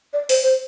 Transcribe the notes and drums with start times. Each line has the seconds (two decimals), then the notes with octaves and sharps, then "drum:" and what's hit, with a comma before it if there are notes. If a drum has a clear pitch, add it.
0.13 D5
0.29 C5, drum: open hi-hat
0.43 C5